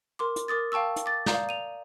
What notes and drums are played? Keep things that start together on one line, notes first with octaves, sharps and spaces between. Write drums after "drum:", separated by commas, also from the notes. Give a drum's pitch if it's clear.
A#4 C6 D6
drum: hi-hat
A#4 D6 D#6 A6
F5 G5 A5 C#6 E6
drum: hi-hat
D6 A6
D5 F5 A#5 D#6 G6, drum: snare
D#7 F7